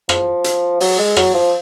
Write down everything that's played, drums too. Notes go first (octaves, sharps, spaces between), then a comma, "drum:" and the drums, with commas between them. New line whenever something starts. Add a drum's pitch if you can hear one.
F3, drum: rim click
drum: hi-hat
F#3, drum: open hi-hat
G#3
F#3, drum: rim click
F3